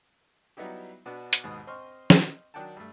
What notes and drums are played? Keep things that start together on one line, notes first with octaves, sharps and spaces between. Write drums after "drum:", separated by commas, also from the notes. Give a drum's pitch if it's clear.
F#3 G3 B3 D#4 E4 G4
B2 B3 D4 F#4
drum: hi-hat
D#2 G#2 B2 B4 D#6
C4 D#5 C6 C#6 F6
drum: snare
D#3 F#3 D4 F#5 G5 A5
G2 A3